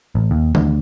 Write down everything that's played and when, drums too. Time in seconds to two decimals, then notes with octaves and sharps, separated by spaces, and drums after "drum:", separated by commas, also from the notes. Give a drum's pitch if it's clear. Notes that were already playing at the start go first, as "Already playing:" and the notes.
0.15 A1
0.31 D#2
0.55 D2, drum: tom D#3